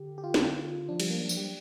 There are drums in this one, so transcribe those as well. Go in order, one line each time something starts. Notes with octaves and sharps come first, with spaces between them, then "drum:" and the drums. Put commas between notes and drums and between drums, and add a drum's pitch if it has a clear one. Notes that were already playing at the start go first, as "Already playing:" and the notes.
Already playing: D3 G4
G4
F4
drum: snare
F3 D4
G3, drum: cymbal
A#3
G3 D4
F3, drum: tambourine
G3 G4